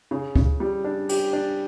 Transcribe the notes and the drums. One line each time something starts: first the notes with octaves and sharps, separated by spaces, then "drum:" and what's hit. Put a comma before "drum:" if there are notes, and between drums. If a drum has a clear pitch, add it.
C#3
C#3, drum: kick C#2
G3
D4
G4, drum: cymbal
D4